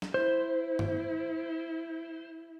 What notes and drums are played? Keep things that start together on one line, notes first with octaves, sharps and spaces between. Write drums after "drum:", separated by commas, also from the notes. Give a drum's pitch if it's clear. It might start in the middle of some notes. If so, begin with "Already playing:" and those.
drum: snare
E4 C5
drum: tom G2